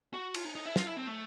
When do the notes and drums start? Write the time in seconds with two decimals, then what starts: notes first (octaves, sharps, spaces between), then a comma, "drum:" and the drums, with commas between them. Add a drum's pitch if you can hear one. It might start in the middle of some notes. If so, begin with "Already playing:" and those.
0.14 F#4
0.34 F4, drum: cymbal
0.45 D#4
0.55 D#4
0.66 E4
0.76 F4, drum: snare
0.87 E4
0.97 C4
1.07 A3